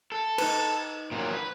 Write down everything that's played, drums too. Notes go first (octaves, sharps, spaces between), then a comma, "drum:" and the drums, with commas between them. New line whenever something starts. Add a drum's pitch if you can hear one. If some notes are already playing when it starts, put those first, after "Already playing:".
A4
D#4 B4, drum: cymbal
A#2 D#3 F#3
B4